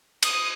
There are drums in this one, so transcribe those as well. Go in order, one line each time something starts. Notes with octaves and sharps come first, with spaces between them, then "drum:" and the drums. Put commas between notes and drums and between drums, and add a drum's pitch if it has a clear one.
D#6, drum: cymbal